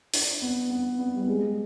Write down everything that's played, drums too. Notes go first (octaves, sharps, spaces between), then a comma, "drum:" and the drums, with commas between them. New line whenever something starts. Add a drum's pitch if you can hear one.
D4, drum: open hi-hat
B3
B3
B3
G3
G#3